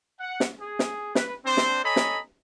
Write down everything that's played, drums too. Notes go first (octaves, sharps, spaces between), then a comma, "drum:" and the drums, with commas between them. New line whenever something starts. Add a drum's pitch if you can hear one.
F#5
drum: snare
G#4
drum: snare
B4, drum: snare
C4 D4 C5
drum: snare
A4 C#5 D#5 G#5 A#5 B5
drum: snare